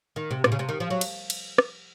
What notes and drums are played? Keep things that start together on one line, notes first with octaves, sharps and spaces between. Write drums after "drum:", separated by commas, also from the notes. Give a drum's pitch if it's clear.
D#3
C3
A#2, drum: rim click
C#3
C3
D#3
F3
F#3
drum: cymbal
drum: cymbal
drum: rim click